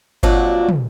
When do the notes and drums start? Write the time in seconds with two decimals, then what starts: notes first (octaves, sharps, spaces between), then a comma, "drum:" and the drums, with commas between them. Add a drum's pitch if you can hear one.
0.23 F2 A#2 F#3 D4 F#4, drum: kick G1
0.68 drum: tom